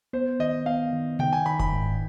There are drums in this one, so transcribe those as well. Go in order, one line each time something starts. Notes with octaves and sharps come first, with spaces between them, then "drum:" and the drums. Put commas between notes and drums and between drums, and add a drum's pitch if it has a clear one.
B3 C5
D#3 D#5
B3 F5
D#3
D#3 G5, drum: tom C3
G#5
D#3 B5
B5, drum: kick F1
G#2